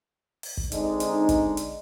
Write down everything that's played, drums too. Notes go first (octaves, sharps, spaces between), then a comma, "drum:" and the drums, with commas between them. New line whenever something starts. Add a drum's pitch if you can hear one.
drum: open hi-hat
drum: kick
D3 G#3 C4 D4 D#4, drum: hi-hat
drum: hi-hat
drum: kick, hi-hat
drum: hi-hat